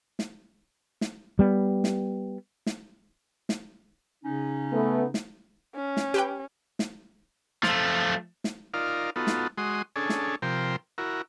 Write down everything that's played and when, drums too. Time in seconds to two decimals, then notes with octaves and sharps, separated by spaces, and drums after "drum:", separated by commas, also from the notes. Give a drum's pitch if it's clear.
0.19 drum: snare
1.01 drum: snare
1.39 G3 B3
1.84 drum: snare
2.66 drum: snare
3.49 drum: snare
4.24 C#3 C#4 D#4
4.72 A3 B3
5.14 drum: snare
5.75 C#4
5.97 drum: snare
6.14 G4 B4 G5
6.79 drum: snare
7.63 F3 A3, drum: snare
8.44 drum: snare
8.74 D#4 F4 A#4 D5 F5
9.16 B3 D#4 F4 F#4 A4
9.27 drum: snare
9.58 G#3 F#4 C6 D#6
9.96 C#4 D4 G#4 A4
10.09 drum: snare
10.42 C3 F3 A#4 C5 G5
10.98 E4 F#4 A#4